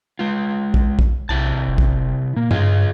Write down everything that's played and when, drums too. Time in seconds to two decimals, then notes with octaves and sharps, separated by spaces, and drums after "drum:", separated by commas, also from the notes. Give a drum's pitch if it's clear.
0.19 G#3 F4
0.74 drum: kick A#1
0.99 drum: kick A#1
1.29 B1 C3 E4 A5
1.68 F#1
1.78 drum: kick A#1
2.36 A#2 A#3
2.51 G2 F4 G#4 D#5, drum: tom G#2